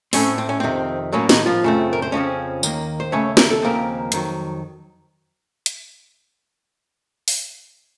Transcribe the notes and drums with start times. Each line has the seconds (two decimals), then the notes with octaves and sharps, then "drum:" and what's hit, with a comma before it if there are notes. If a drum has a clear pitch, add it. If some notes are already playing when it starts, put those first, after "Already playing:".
0.13 A2 A3 C4 C#4, drum: open hi-hat
0.38 C4
0.49 C#4
0.60 F2 C3 D#3 C4
1.12 A2 F#3 A#3 C#4
1.29 D#3 D#4, drum: snare
1.46 F3 F4
1.63 F#2 C#3 A3 C4
1.93 A#4
2.02 C5
2.12 F2 C#3 F3 C4 C#4 C#5
2.63 D#2 D#3 A#3, drum: tambourine
3.00 C5
3.12 D#2 C#3 A3 C#4 C#5
3.37 A#4, drum: snare
3.51 A4
3.62 D#2 C#3 F3 A#3 C4 A#4
4.12 F2 D#3 F#3, drum: hi-hat
5.66 drum: hi-hat
7.28 drum: open hi-hat